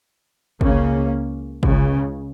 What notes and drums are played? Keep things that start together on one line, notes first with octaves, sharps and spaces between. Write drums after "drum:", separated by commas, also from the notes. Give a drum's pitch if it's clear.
C#2 C#3 A#3 C#4, drum: kick
C#2 C#3, drum: kick